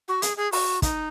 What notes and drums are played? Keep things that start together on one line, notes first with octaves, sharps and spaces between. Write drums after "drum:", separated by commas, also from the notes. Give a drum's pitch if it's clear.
F#4
G#4, drum: hi-hat
G#4
F#4, drum: open hi-hat
D#4, drum: kick, hi-hat